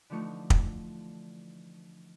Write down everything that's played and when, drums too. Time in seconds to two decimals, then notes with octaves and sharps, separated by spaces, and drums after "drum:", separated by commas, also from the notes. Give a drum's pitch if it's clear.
0.10 D3 E3 F3 A3 D#4 C#6
0.50 drum: kick